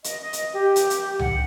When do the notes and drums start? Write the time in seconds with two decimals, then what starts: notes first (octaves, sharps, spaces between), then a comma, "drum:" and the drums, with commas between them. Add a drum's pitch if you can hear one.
0.04 D#5, drum: hi-hat
0.21 D#5
0.33 drum: hi-hat
0.54 G4
0.76 drum: hi-hat
0.90 drum: hi-hat
1.19 F#5, drum: tom C2